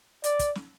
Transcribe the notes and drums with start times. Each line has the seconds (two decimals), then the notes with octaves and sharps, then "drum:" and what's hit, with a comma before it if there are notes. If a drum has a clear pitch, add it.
0.24 D5, drum: hi-hat
0.39 drum: kick, hi-hat
0.55 drum: snare